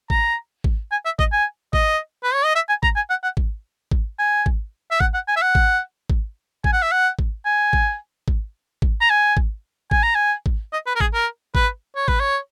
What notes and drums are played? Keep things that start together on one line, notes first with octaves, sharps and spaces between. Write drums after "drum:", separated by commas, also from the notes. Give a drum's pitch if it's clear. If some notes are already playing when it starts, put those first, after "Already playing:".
A#5, drum: kick G#1
drum: kick G#1
G#5
E5
D#5, drum: kick G#1
G#5
D#5, drum: kick G#1
B4
C#5
D#5
E5
G#5
A#5, drum: kick G#1
G#5
F#5
F#5
drum: kick G#1
drum: kick G#1
G#5
drum: kick G#1
E5
F#5, drum: kick G#1
F#5
G#5
E5
F#5
drum: kick G#1
drum: kick G#1
G#5, drum: kick G#1
F#5
E5
F#5
drum: kick G#1
G#5
drum: kick G#1
drum: kick G#1
drum: kick G#1
A#5
G#5
drum: kick G#1
G#5, drum: kick G#1
A#5
G#5
drum: kick G#1
D#5
B4
A#4
G#4, drum: kick G#1
A#4
B4, drum: kick G#1
C#5
B4, drum: kick G#1
C#5